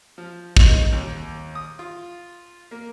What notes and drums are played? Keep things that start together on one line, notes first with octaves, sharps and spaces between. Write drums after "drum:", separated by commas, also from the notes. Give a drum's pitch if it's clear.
F3
D#4, drum: kick
D#2
D#6
F4
A#3